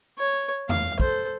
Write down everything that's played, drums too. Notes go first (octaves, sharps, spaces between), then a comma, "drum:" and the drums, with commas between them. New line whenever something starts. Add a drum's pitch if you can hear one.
C#5
F5, drum: tom E2
A4 C5, drum: kick